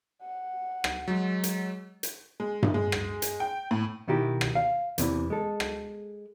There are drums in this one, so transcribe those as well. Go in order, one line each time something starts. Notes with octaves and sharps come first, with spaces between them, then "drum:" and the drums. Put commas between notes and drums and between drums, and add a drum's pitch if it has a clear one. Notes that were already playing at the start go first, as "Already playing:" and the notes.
F#5
drum: rim click
F#3 G#3
drum: hi-hat
drum: hi-hat
G#3
drum: tom G2
G#3
drum: rim click
drum: hi-hat
G5
A2
B2 D#3 E4 F#4 G4
drum: rim click
F5
E2 C3 D#3 E3, drum: hi-hat
G#3 A4
drum: rim click